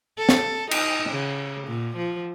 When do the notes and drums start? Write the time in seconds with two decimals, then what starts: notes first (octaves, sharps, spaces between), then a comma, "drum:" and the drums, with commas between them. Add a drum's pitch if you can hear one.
0.18 A4
0.29 drum: snare
0.71 D#4, drum: cymbal
1.10 C#3
1.68 A#2
1.97 F3